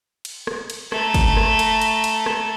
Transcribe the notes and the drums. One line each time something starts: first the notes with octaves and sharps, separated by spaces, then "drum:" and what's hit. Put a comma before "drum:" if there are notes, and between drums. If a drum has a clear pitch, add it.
drum: cymbal
drum: rim click
drum: cymbal
A3 A#5, drum: rim click
drum: kick, cymbal
drum: rim click
drum: cymbal
drum: cymbal
drum: cymbal
drum: rim click